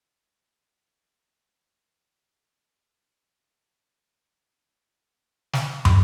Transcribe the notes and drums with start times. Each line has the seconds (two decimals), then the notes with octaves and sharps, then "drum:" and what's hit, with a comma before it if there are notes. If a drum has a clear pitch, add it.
0.19 F#5
0.79 F5
1.31 D4
3.08 F6
4.28 C#5 D5
5.53 drum: snare
5.85 drum: tom